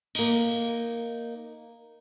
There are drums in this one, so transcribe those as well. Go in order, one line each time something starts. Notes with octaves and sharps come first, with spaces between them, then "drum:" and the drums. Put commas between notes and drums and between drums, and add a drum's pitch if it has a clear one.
A#3 D#4, drum: cymbal